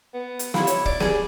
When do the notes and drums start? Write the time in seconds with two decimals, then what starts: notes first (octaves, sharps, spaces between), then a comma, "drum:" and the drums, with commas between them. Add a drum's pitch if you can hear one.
0.14 B3
0.39 drum: hi-hat
0.54 E4 F4 B5, drum: snare
0.67 C#5, drum: hi-hat
0.85 D5, drum: kick
1.00 G#4, drum: snare